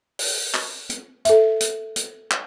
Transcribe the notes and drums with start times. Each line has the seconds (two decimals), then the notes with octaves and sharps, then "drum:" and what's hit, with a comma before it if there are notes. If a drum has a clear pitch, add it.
0.19 drum: open hi-hat
0.54 drum: clap
0.90 drum: hi-hat
1.25 A4 E5, drum: hi-hat
1.60 drum: hi-hat
1.96 drum: hi-hat
2.31 drum: clap